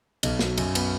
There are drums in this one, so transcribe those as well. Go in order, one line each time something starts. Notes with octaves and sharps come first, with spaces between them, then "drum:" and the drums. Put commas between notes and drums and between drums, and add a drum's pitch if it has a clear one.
B1, drum: cymbal
F#3, drum: snare
F#2, drum: cymbal
B3, drum: cymbal